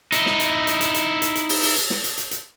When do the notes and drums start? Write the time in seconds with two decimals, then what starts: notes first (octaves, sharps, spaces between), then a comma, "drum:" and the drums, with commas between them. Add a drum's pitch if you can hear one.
0.12 D#4 E4, drum: hi-hat
0.26 drum: snare
0.40 drum: hi-hat
0.67 drum: hi-hat
0.81 drum: hi-hat
0.94 drum: hi-hat
1.22 drum: hi-hat
1.35 drum: hi-hat
1.49 drum: open hi-hat
1.63 drum: open hi-hat
1.76 drum: hi-hat
1.90 drum: snare
2.04 drum: hi-hat
2.18 drum: hi-hat
2.31 drum: hi-hat